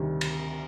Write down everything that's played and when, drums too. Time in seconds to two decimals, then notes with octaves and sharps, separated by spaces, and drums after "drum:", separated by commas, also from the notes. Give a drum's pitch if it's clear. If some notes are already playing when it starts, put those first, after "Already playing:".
Already playing: D2 C3 D#3 G3
0.21 drum: cymbal